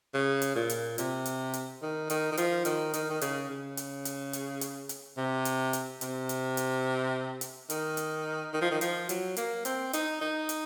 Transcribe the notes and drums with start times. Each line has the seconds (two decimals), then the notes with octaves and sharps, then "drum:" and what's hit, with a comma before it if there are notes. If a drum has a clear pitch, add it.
0.14 C#3
0.42 drum: hi-hat
0.55 A#2
0.70 drum: hi-hat
0.98 C3, drum: hi-hat
1.26 drum: hi-hat
1.53 drum: hi-hat
1.82 D#3
2.10 D#3, drum: hi-hat
2.32 D#3
2.37 F3, drum: hi-hat
2.65 D#3, drum: hi-hat
2.94 D#3, drum: hi-hat
3.10 D#3
3.21 C#3, drum: hi-hat
3.50 C#3
3.77 drum: hi-hat
4.05 drum: hi-hat
4.33 drum: hi-hat
4.61 drum: hi-hat
4.89 drum: hi-hat
5.17 C3
5.45 drum: hi-hat
5.73 drum: hi-hat
6.01 C3, drum: hi-hat
6.29 drum: hi-hat
6.57 drum: hi-hat
7.41 drum: hi-hat
7.70 D#3, drum: hi-hat
7.97 drum: hi-hat
8.53 D#3
8.61 F3
8.71 D#3
8.81 F3, drum: hi-hat
9.09 F#3, drum: hi-hat
9.36 A#3, drum: hi-hat
9.65 C4, drum: hi-hat
9.93 D#4, drum: hi-hat
10.21 D#4
10.49 drum: hi-hat